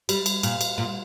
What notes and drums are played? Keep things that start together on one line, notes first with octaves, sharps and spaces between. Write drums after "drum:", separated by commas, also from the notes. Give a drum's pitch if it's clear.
G3, drum: cymbal
drum: cymbal
A#2, drum: cymbal
drum: cymbal
A#2